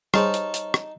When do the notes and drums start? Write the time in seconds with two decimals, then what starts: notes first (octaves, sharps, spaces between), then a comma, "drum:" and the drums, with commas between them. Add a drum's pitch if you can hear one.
0.14 G3 D#4 G#4 C5 C#5 A5 C#6 F6, drum: rim click
0.34 drum: hi-hat
0.54 drum: hi-hat
0.74 drum: rim click